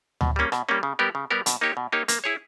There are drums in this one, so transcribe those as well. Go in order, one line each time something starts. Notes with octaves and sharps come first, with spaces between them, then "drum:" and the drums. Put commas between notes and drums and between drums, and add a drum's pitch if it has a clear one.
B2, drum: tom D2
G3 A#3 C#4
B2, drum: rim click
G3 A#3 C#4
C#3
G3 B3 G4 A#4
C#3
G3 B3 G4 A#4
B2, drum: hi-hat
A#3 D#4 G4 C#5
B2
A#3 D#4 G4 C#5
A#3, drum: hi-hat
E4 G#4 C#5